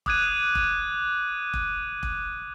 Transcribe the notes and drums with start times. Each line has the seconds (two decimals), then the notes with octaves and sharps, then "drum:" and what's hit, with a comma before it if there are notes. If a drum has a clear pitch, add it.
0.06 D6 D#6 F#6 G#6 D#7, drum: kick
0.55 drum: kick
1.54 drum: kick
2.03 drum: kick